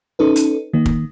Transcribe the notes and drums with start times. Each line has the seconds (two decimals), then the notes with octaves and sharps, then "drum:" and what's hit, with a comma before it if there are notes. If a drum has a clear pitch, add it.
0.19 C#4 D#4 A4 B4
0.36 drum: hi-hat
0.74 D#3 A#3
0.86 drum: kick